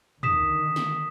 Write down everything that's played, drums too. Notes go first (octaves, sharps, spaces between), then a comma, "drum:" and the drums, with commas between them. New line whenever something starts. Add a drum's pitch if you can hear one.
D3 D#3 D#6 B6 E7, drum: tom
drum: snare